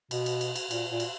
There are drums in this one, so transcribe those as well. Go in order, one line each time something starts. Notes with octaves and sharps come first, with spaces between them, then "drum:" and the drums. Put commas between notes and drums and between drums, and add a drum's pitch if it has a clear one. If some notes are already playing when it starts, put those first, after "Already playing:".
B2, drum: cymbal
drum: cymbal
drum: cymbal
drum: cymbal
A#2, drum: cymbal
A#2
drum: cymbal